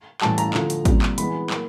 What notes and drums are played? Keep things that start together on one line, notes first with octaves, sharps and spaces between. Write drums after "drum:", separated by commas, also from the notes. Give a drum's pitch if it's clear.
A2 E3 G3 A5, drum: clap
A#5, drum: hi-hat
D3 F3 A3, drum: clap
drum: hi-hat
A#2 G3 C4, drum: kick, hi-hat
drum: clap
E3 G#3 B3 B5, drum: hi-hat
F#3 A#3, drum: clap